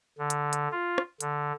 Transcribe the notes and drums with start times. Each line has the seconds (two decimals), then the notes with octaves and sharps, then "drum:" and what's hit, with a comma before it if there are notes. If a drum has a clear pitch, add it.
0.18 D3
0.30 drum: hi-hat
0.53 drum: hi-hat
0.72 F4
0.98 drum: rim click
1.21 D3, drum: hi-hat